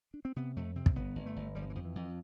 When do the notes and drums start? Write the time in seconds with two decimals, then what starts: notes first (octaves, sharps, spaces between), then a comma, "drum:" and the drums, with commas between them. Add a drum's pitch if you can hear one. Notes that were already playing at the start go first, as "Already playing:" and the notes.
0.14 D4
0.25 C4
0.36 C3 B3
0.56 F2 A3
0.76 C3 C4
0.86 drum: kick
0.96 G1 B3
1.15 G1
1.26 A3
1.36 G1
1.55 G1 G3
1.62 F3
1.70 E3
1.75 F2 F3
1.85 E3
1.95 F2